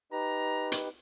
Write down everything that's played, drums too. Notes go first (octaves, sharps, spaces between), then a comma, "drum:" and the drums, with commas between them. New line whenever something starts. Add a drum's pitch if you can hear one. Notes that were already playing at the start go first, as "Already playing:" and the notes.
D#4 G4 B4 A#5
drum: hi-hat